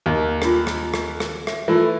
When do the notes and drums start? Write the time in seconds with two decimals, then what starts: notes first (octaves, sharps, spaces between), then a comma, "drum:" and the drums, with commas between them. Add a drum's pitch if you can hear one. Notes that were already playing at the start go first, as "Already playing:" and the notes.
0.06 D#2
0.42 D4 F4, drum: rim click
0.67 drum: rim click
0.94 drum: rim click
1.20 drum: rim click
1.47 E5, drum: rim click
1.68 E3 A3 F4 E5